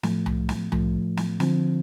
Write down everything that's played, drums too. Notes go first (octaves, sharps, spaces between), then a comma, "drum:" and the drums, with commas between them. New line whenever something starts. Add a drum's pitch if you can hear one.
A2 F3 A3, drum: snare
drum: tom C2
drum: snare
A2 F3 A3, drum: tom C2
drum: snare
D3 F3 C4, drum: snare